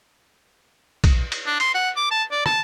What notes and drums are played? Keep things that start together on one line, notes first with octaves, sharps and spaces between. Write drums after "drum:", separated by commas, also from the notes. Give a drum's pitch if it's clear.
drum: kick B1, cymbal
drum: cymbal
D4
C6, drum: cymbal
F#5
D6
A5
D5
A5, drum: rim click